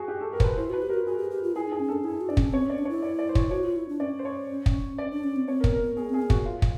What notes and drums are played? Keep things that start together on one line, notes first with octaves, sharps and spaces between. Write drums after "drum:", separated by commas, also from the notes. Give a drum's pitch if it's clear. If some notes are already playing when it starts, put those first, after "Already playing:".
Already playing: F#4 G#4
G4
A4
A#4
C5, drum: kick
B4
E4 C5
F#4 B4
G4
F#4 A#4
F#4 G#4
G4
G4
F4
E4 G#4
D#4 G#4
C#4
D4 A4
E4 G#4
F#4
D4 D5
C#4, drum: kick
C4 C#5
C#4 D5
D4
E4 C#5
D5
D5
C5
C#5, drum: kick
F#4 C#5
F4
E4
D4
C#4 D5
C5
C#5
drum: kick
D5
D4
C#4
C4
C4 C#5
A#4
B3, drum: kick
A#4
B3
B3 G#4
C4 G#4
B3
F#4, drum: kick
F4
drum: kick